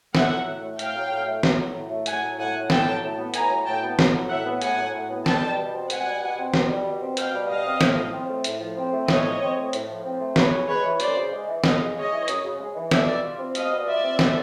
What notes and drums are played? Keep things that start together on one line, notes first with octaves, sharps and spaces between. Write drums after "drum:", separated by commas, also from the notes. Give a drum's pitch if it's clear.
A2 E5 F#5, drum: snare
F#3
A2
A3
A2 F5 G5, drum: hi-hat
F#3
A2
A3
A2, drum: snare
F#3
A2
A3
A2 F#5 G#5, drum: hi-hat
F#3
A2 F#5 G#5
A3
A2 G5 A5, drum: snare
F#3
A2
B3
A2 G#5 A#5, drum: hi-hat
F#3
A2 G5 A5
B3
A2, drum: snare
F#3
A2 E5 F#5
B3
A2 F#5 G#5, drum: hi-hat
F#3
A2
B3
B2 G5 A5, drum: snare
G3
B2
C4
B2 F#5 G#5, drum: hi-hat
G3
B2
C4
B2, drum: snare
G3
B2
C4
B2 F5 G5, drum: hi-hat
G3
B2 D#5 F5
C4
A2, drum: snare
F3
C4
A3
A2, drum: hi-hat
F3
C4
A3
A2 C#5 D#5, drum: snare
F3
C4
A3
A2, drum: hi-hat
F3
C4
A3
F#2 B4 C#5, drum: snare
C#3
G#3 B4 C#5
E3
F#2 C5 D5, drum: hi-hat
C#3
G#3
E3
F#2 D#5 F5, drum: snare
C#3
G#3 C#5 D#5
E3
F#2, drum: hi-hat
C#3
G#3
E3
B2 D5 E5, drum: snare
G3
F4
C4
B2 D#5 F5, drum: hi-hat
G3
F4 D5 E5
C4
B2, drum: snare